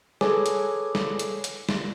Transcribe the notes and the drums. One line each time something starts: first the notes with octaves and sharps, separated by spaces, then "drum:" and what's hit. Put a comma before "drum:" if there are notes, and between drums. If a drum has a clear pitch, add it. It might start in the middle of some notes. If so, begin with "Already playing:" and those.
G#4 A4 B4 C#5 G#5 D6, drum: snare
drum: hi-hat
drum: snare
drum: hi-hat
drum: hi-hat
drum: snare